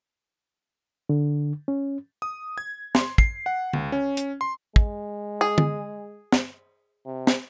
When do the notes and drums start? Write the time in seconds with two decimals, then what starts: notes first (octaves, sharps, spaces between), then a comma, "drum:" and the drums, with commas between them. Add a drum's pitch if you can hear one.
1.09 D3
1.68 C#4
2.22 D#6
2.58 G#6
2.95 C6, drum: snare
3.18 C7, drum: kick
3.46 F#5
3.73 C#2, drum: tom
3.92 C#4
4.17 drum: hi-hat
4.41 C6
4.76 G#3, drum: kick
5.41 G#4
5.58 drum: tom
6.32 drum: snare
7.06 C3
7.27 drum: snare